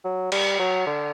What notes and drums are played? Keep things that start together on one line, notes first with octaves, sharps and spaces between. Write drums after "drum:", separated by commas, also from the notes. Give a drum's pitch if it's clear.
F#3
G3, drum: cymbal
F#3
D3